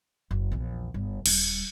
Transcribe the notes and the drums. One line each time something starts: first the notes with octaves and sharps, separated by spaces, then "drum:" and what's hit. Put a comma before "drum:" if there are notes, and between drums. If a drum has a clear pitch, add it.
F#1
A#1 E2
G1
D#1 G3, drum: cymbal